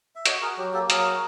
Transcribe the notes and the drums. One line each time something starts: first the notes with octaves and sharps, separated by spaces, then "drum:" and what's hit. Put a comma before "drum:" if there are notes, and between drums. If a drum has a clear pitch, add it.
E5
F#4 C#5 D#5, drum: hi-hat
F#4 G#4 A#4
F#3 G4
A#3 G4 A4
F#3 G#4 A#4, drum: hi-hat
F#4